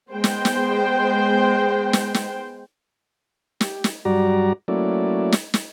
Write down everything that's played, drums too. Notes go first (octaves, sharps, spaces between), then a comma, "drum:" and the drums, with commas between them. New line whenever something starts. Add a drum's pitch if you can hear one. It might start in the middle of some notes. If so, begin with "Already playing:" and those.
G#3 B3 C5 G5
drum: snare
drum: snare
drum: snare
drum: snare
G4, drum: snare
drum: snare
G2 F#3 G3 F#4 D5 A#5
F#3 A3 A#3 C#4 E4 D5
drum: snare
drum: snare